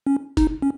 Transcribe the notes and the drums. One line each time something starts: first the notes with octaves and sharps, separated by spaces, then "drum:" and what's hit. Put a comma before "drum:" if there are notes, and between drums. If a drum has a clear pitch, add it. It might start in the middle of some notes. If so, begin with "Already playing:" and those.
C#4
D#4, drum: kick, hi-hat
C#4